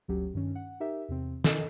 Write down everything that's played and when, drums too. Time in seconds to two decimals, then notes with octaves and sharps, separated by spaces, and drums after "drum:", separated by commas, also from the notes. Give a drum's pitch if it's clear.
0.08 G1 D2 F#3 C#4 G4
0.34 G2 D#3 C#4
0.55 F#5
0.80 D#4 G4 A#4 E5
1.09 E2 C3 C4
1.44 A4 D#5, drum: snare